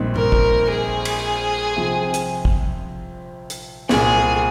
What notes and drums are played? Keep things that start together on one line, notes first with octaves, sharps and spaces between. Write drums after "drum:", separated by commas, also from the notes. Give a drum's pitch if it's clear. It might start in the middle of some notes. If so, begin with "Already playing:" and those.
Already playing: A#1 A#2 G3 C4 D#4
A#4, drum: tom G2
drum: kick
G#4
drum: cymbal
C3 F3 C4
drum: hi-hat
drum: kick
drum: hi-hat
C2 A#2 G3 C4 G#4, drum: snare